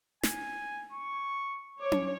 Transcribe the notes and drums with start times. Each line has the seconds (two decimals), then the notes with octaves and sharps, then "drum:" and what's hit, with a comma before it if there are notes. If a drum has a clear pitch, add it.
0.23 G#5, drum: snare
0.92 C#6
1.81 C#5 D6
1.92 drum: tom C#4